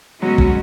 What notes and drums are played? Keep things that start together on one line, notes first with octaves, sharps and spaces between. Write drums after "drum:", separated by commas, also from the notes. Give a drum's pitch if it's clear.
B2 F#3 G#3 C#4 F#4
drum: kick